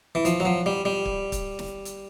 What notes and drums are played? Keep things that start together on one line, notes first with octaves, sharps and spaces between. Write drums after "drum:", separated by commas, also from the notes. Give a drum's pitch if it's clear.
E3
F3, drum: hi-hat
F#3
F3
G3
G3
drum: kick
drum: kick, hi-hat
drum: snare
drum: hi-hat